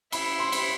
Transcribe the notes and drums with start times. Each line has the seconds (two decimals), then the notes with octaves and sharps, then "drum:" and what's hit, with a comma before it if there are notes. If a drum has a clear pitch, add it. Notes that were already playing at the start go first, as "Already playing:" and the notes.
0.12 E4 B5, drum: cymbal
0.39 C6
0.52 drum: cymbal